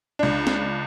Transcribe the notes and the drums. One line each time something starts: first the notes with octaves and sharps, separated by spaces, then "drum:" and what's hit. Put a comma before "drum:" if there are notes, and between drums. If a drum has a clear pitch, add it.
C#2 D4
drum: snare